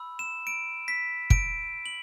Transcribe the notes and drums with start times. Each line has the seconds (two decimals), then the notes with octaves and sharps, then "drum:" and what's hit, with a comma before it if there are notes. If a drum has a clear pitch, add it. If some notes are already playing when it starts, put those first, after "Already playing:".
Already playing: B5 E6
0.19 E7
0.47 D7
0.88 B6
1.30 D7, drum: kick
1.86 F#7